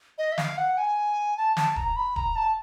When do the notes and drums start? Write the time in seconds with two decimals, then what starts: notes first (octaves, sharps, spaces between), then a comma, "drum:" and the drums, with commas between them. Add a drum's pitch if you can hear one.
0.18 D#5
0.32 E5
0.38 F5, drum: snare
0.58 F#5
0.78 G#5
1.37 A5
1.57 A5, drum: snare
1.76 A#5, drum: kick D#1
1.96 B5
2.16 A#5, drum: kick D#1
2.36 A5